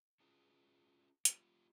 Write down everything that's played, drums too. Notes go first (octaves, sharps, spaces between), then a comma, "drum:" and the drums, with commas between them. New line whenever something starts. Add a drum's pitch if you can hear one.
C#4 D4 F4 F#4 G#4 B4
A#3 F4 G4, drum: hi-hat